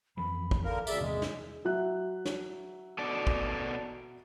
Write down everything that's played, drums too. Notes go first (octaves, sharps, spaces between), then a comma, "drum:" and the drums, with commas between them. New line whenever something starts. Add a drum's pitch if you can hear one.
F2 E3 F3 B5
drum: kick
D3 A#4 F5
D2 G#4 D5 E5, drum: tambourine
E2 C3 D#3 G#3
drum: snare
F#3 E5 F#6
drum: snare
B2 A4 D5
drum: kick